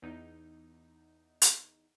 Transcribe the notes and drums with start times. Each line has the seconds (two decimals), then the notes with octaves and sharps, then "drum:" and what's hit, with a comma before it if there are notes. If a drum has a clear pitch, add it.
0.02 E2 D#4
1.42 drum: hi-hat